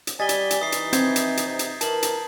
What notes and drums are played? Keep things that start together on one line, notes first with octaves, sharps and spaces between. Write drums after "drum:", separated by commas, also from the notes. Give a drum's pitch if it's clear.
drum: hi-hat
G3 D#5 G#5 A6 B6 G7
drum: hi-hat
drum: hi-hat
E3 D#4 D#6 C7
drum: hi-hat
C4 G6 G#6 C7, drum: hi-hat
drum: hi-hat
drum: hi-hat
C3
drum: hi-hat
E3 A#4 A5 F#7, drum: hi-hat
drum: hi-hat